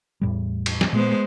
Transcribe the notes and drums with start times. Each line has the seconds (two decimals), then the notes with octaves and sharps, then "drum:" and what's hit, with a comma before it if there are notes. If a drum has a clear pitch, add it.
0.21 E2 A2 G3
0.66 drum: cymbal
0.81 drum: snare
0.93 A#2 G#3 B3 C5